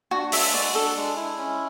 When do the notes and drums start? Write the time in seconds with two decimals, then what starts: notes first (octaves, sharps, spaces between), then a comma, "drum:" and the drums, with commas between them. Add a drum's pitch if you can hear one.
0.11 D4 F#4
0.32 G#3 E5, drum: open hi-hat
0.53 F#4 D5
0.75 D4 A4
0.96 G#3
1.16 E4
1.38 C#4